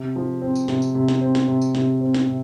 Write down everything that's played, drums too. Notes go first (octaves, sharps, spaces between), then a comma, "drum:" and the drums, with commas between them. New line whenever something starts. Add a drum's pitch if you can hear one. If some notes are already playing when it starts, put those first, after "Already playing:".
Already playing: C3
F3
C4
drum: tambourine
C3, drum: snare
drum: tambourine
C3
drum: snare
C4
drum: snare
C3
drum: tambourine
C3, drum: snare
C4
drum: snare
C3